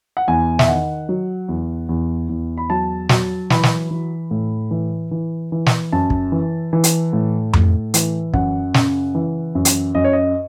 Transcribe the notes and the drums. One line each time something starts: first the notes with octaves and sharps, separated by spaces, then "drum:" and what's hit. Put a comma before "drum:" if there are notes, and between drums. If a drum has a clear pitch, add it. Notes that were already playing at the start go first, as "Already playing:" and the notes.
F#5
E2 G#5
E5, drum: snare
D#3 F#5
F#3
E2
E2
E2
B5
F#3 A5
F#3, drum: snare
E3 B5, drum: snare
drum: snare
E3
A2
E3
E3
E3
drum: snare
F#2 A5
drum: kick
E3
E3
drum: hi-hat
A2
A2, drum: tom F2
E3, drum: hi-hat
F#2 F#5, drum: kick
C#3, drum: snare
E3
F#2
drum: hi-hat
F#2 D#5
C#5
D#5